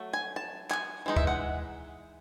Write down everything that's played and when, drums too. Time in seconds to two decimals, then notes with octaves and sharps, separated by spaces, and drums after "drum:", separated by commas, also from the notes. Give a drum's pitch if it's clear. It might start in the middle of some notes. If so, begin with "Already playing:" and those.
Already playing: F#3 A3
0.13 G#5
0.36 A5
0.71 G#5, drum: clap
1.06 E3 G#3 D#4
1.16 E5, drum: kick D2
1.27 F#5